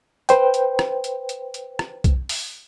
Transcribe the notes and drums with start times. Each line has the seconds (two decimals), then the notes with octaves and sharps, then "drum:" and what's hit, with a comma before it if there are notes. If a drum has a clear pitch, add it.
0.29 B4 C5 G5, drum: hi-hat
0.54 drum: hi-hat
0.79 drum: rim click
1.04 drum: hi-hat
1.29 drum: hi-hat
1.54 drum: hi-hat
1.79 drum: rim click
2.04 drum: kick B1, hi-hat
2.29 drum: open hi-hat